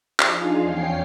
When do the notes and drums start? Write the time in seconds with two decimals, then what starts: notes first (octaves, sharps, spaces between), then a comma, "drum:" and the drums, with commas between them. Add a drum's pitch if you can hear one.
0.20 F3 D4 D#4 F4 G#4 F5, drum: clap
0.61 E2 C#4 C#5 F5 G5 C7